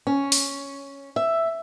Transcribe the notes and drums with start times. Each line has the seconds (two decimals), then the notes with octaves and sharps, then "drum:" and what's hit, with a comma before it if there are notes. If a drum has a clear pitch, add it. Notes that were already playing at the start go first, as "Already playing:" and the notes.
0.07 C#4
0.32 drum: open hi-hat
1.16 E5